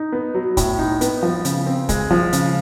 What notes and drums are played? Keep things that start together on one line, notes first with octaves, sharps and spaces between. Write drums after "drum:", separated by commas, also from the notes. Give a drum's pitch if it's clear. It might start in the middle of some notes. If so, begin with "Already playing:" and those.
Already playing: D#4
B3
F#3
A2, drum: kick, hi-hat
D#4
B3, drum: hi-hat
F3
C#3, drum: hi-hat
C4
G#3, drum: kick, hi-hat
F3
C#3, drum: hi-hat